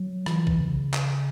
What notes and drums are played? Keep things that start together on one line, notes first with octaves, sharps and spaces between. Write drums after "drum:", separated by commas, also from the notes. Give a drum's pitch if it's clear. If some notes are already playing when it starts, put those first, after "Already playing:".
Already playing: F#3
E3, drum: rim click
drum: kick B1
C#3
drum: clap